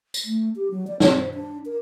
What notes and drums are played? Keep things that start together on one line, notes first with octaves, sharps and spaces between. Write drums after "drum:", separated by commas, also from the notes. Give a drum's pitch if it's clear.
drum: tambourine
A3
G4
F#3
D5
C4, drum: snare
C5
D4
A#4